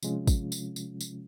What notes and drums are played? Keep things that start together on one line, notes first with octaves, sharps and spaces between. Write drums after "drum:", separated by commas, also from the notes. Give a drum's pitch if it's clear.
C3 F3 G#3 C#4 F4, drum: tambourine
drum: kick, tambourine
drum: tambourine
drum: tambourine
drum: tambourine